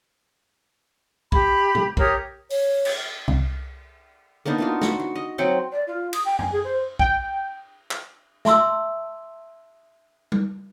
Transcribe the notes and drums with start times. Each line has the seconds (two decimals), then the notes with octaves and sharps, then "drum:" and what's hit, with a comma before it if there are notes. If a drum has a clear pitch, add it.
1.32 G4 B5, drum: kick
1.75 drum: tom
1.97 G4 A#4 C#5 D#6, drum: kick
2.50 C#5, drum: open hi-hat
2.85 drum: cymbal
3.28 C2
4.46 A#3 B3 D4 D#4
4.58 B3 F4 F#4
4.81 F#4, drum: snare
5.00 F#4
5.15 D#5
5.38 F#3 C4 F#5 G5
5.72 D5
5.87 F4
6.13 D#6, drum: cymbal
6.25 G5
6.39 G#5, drum: tom
6.52 G#4
6.64 C5
6.99 G5, drum: kick
7.91 drum: clap
8.45 E5 A5 C6 E6, drum: snare
10.32 drum: tom